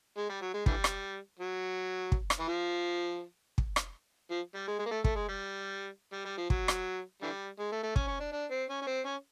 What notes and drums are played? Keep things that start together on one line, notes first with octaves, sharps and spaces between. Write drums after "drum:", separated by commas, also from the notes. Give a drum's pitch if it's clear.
G#3
G3
F#3
G#3
D3 E3 G3, drum: kick
drum: rim click
F#3
drum: kick
drum: rim click
E3
F3
drum: kick
drum: rim click
F3
G3
G#3
G#3
A#3
A3
A3, drum: kick
G#3
G3
G3
G3
F3
F#3, drum: kick
drum: rim click
D3 E3 G3
G#3
A3
A3
C#4, drum: kick
C#4
D4
D4
C4
C#4
C#4
C4
C#4